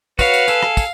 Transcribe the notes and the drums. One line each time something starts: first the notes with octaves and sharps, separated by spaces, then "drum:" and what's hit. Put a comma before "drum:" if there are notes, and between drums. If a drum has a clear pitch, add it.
F#4 B4 C#5 F5, drum: kick, tambourine
drum: tambourine
G#4 A4, drum: tambourine
drum: rim click
drum: kick, tambourine